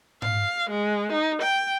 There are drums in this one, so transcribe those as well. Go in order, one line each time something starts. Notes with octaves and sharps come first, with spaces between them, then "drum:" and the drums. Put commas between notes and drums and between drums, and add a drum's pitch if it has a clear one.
F5, drum: tom G#2
G#3
D#4
G5